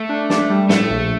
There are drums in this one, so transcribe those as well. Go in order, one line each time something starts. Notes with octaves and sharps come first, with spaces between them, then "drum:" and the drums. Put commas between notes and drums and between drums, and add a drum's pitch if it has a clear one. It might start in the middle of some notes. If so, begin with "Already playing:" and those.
Already playing: A3
D4
D4, drum: snare
G3
A2 A3, drum: snare
A#1